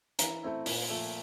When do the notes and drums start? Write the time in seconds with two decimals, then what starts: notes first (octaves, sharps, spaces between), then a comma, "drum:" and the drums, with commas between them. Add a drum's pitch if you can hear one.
0.19 E3 A#5, drum: hi-hat
0.43 A3 C4 E4
0.66 A#2, drum: open hi-hat
0.90 F3 A3